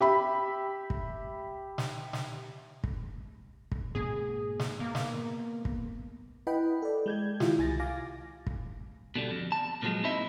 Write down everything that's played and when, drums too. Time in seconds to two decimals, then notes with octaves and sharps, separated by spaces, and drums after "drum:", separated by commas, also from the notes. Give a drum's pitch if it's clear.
0.01 G4 E5 B5
0.90 drum: kick
1.78 drum: snare
2.13 drum: snare
2.84 drum: kick
3.72 drum: kick
3.95 G#2 B2 A#3 G#4
4.59 drum: snare
4.80 A#3 B3
4.95 drum: snare
5.65 drum: kick
6.47 E4 B4 D#5 F#5 G5 B5
6.82 A4 D5
7.06 G#3 G6 G#6
7.40 D#3 E4 F4 G4, drum: snare
7.59 C2 G#5 A6 A#6
7.80 F5 G#5 D6 A#6
8.47 drum: kick
9.16 B2 D3 G3
9.31 F2
9.52 A5
9.82 A#2 D3 F3 F#3 G#3
10.04 C4 D#4 E4 D#5 E5